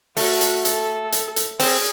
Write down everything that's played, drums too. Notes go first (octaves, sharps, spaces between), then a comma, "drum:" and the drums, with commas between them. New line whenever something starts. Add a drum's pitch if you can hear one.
A3 F#4, drum: open hi-hat
drum: hi-hat
A4, drum: hi-hat
drum: hi-hat
drum: hi-hat
C4 G#4, drum: open hi-hat